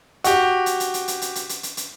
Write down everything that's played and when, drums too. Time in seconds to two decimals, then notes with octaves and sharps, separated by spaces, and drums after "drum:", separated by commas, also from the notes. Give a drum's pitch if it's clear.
0.24 F#4 G4, drum: hi-hat
0.66 drum: hi-hat
0.80 drum: hi-hat
0.94 drum: hi-hat
1.08 drum: hi-hat
1.22 drum: hi-hat
1.35 drum: hi-hat
1.49 drum: hi-hat
1.63 drum: hi-hat
1.77 drum: hi-hat